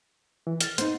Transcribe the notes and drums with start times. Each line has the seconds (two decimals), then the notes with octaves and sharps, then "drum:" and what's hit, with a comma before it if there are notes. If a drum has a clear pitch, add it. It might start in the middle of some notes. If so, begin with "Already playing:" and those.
0.47 E3
0.61 F6 A6, drum: hi-hat
0.78 B3 D#4 C5, drum: hi-hat